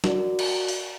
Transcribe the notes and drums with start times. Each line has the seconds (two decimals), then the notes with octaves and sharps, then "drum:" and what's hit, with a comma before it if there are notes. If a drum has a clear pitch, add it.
0.04 F#4 A#4 D5, drum: snare
0.39 drum: cymbal
0.68 drum: open hi-hat